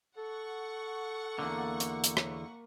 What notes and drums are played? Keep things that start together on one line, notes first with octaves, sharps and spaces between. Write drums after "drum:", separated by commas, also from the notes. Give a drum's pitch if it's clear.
A4 F#5 C#6
E2 D3 A#3
drum: hi-hat
drum: hi-hat
drum: rim click